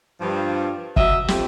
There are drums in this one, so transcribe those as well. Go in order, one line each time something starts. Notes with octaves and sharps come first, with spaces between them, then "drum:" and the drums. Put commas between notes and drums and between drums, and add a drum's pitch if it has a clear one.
G2 F3
F#3 D#5 E5, drum: kick
F2 G4, drum: snare